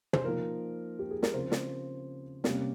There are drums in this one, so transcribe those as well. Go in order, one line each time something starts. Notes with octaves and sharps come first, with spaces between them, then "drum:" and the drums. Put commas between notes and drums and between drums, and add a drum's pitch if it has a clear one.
C5, drum: tom
F3 A#3 D#4 A#4
G4
G#4
A#4, drum: snare
C#3 F3 C4 C5
drum: snare
C3 G3 A#3 C#4, drum: snare